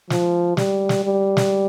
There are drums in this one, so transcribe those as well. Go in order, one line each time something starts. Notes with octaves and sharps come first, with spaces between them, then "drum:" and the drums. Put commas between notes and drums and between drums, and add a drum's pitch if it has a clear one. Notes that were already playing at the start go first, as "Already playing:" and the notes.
F3, drum: snare
G3, drum: snare
drum: snare
G3
drum: snare